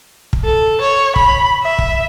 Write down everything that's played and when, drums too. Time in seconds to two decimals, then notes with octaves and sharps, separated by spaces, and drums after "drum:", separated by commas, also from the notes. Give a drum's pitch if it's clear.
0.33 drum: kick
0.44 A4
0.81 C#5
1.16 B5, drum: kick
1.63 E5
1.79 drum: kick